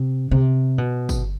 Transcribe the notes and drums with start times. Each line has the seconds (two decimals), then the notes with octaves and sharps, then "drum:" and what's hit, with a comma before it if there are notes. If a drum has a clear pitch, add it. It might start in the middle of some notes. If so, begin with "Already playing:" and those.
Already playing: C3
0.31 C3
0.78 B2
1.09 drum: kick, tambourine